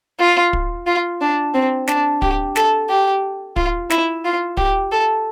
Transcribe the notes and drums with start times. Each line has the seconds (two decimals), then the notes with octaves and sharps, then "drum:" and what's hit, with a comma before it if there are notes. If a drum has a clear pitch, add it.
0.20 F4
0.53 drum: kick
0.87 F4
1.21 D4
1.54 C4
1.87 D4, drum: snare
2.22 G4, drum: kick
2.56 A4, drum: snare
2.89 G4
3.56 F4, drum: kick
3.90 E4, drum: snare
4.25 F4
4.57 G4, drum: kick
4.92 A4